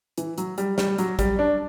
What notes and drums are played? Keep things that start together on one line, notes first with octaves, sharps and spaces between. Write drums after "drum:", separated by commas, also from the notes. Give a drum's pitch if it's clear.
E3, drum: hi-hat
F#3, drum: hi-hat
G3, drum: hi-hat
G3, drum: snare
F#3, drum: hi-hat
G3, drum: kick, hi-hat
D4